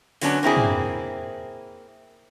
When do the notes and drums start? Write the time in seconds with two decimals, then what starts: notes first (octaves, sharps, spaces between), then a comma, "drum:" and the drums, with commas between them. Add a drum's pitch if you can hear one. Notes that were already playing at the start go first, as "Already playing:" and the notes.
0.22 D3 F#3 B3 C#4 D4, drum: open hi-hat
0.43 A#3 C4 E4 G#4
0.57 drum: tom